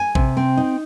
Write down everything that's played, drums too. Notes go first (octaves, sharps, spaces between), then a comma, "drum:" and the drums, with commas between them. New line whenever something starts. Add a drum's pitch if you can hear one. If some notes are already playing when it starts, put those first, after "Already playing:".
Already playing: G#5
C3, drum: kick A1
C4
D#4